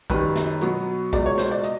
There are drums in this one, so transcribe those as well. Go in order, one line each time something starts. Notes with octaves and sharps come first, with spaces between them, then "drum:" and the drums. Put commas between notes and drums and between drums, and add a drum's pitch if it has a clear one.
F#2 D#3 G3 B4, drum: kick, hi-hat
drum: snare
B2 F#3 B3, drum: hi-hat
C#2 B2 G#3 D5, drum: kick, hi-hat
C#5
C5, drum: snare
D5
D#5, drum: hi-hat